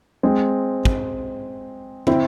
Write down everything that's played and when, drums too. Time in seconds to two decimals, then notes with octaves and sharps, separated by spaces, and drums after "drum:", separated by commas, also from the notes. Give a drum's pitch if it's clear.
0.23 G#3 C4
0.85 drum: kick
2.07 C4 E4, drum: tom